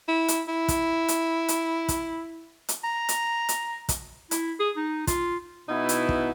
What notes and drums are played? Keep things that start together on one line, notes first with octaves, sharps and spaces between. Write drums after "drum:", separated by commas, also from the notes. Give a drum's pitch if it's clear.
E4
drum: hi-hat
E4
drum: kick, hi-hat
drum: hi-hat
drum: hi-hat
drum: kick, hi-hat
drum: hi-hat
A#5
drum: hi-hat
drum: hi-hat
drum: kick, hi-hat
E4, drum: hi-hat
G#4
D#4
F4, drum: kick, hi-hat
B2 B3 D#4 E4
drum: hi-hat
drum: kick